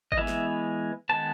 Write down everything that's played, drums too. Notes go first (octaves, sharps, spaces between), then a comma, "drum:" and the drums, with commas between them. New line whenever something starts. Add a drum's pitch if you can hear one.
D#5, drum: kick G#1
E3 G#3 B3 E5
drum: snare
D#3 G#3 B3 A5